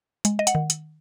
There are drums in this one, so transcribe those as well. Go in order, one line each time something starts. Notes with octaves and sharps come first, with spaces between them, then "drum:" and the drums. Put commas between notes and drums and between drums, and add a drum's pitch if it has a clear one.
G#3, drum: hi-hat
D#5
F#5, drum: hi-hat
D#3
drum: hi-hat